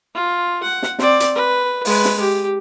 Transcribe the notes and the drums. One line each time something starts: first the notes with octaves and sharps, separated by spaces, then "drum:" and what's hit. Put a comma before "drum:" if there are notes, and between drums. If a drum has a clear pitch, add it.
F4
F#5
drum: snare
C4 D5, drum: snare
drum: hi-hat
B4
G#3 B4, drum: open hi-hat
drum: snare
G4